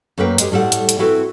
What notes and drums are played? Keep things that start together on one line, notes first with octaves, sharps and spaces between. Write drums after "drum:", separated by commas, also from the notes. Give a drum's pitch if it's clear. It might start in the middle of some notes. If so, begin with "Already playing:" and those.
F#2 A3 A#3 B4 G5
G#3 G4, drum: hi-hat
A2 G3 A4 F#5
drum: hi-hat
drum: hi-hat
C4 E4 F#4 A4 B4